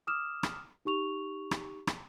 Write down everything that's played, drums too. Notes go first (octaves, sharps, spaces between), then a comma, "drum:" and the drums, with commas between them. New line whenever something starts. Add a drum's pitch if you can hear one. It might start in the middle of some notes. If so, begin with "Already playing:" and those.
D6 D#6 F6 E7
drum: rim click
D#4 G4 C#6 F7
drum: rim click
drum: rim click